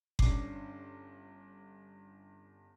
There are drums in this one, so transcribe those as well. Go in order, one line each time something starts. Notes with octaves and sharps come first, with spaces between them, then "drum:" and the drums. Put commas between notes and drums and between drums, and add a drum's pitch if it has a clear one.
G1 C#4 D4 D6 C7, drum: kick F#1